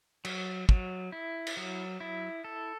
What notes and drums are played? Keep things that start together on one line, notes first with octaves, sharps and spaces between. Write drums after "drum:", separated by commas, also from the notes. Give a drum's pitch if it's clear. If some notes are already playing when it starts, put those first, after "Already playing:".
F#3, drum: cymbal
F#3, drum: kick
E4
drum: cymbal
F#3
E4
A4